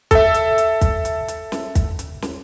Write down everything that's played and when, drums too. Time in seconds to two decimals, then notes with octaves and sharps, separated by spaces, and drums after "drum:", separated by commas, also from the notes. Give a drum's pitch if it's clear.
0.11 A4 E5, drum: kick, hi-hat
0.34 drum: hi-hat
0.58 drum: hi-hat
0.81 drum: kick, hi-hat
1.05 drum: hi-hat
1.28 drum: hi-hat
1.52 drum: snare
1.75 drum: kick, hi-hat
1.99 drum: hi-hat
2.22 drum: snare